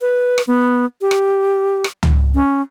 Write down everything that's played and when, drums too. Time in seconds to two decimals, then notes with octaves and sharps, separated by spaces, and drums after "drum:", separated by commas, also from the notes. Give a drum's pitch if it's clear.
0.01 B4
0.38 drum: rim click
0.47 B3
1.01 G4
1.11 drum: rim click
1.84 drum: rim click
2.03 drum: tom C#2
2.34 C#4